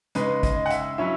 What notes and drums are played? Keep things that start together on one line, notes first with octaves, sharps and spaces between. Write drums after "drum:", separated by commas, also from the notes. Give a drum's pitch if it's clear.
C#3 G#3 D#4 B4, drum: hi-hat
D#5, drum: kick, hi-hat
F#5
E5, drum: hi-hat
F#3 C#4 E4 E5